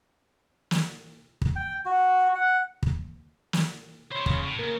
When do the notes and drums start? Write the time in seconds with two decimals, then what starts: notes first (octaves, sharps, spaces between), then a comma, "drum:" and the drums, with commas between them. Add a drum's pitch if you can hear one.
0.71 drum: snare
1.42 drum: kick
1.56 G5
1.86 F#4
2.35 F#5
2.83 drum: kick
3.53 drum: snare
4.11 C5 C#5 E5 B5 C6
4.26 C#3, drum: kick
4.43 A2
4.59 C#3 A#3 A#4